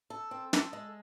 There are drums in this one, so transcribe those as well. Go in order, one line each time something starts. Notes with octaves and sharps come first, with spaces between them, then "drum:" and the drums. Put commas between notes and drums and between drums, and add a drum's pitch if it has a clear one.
A4
C4
A4, drum: snare
G#3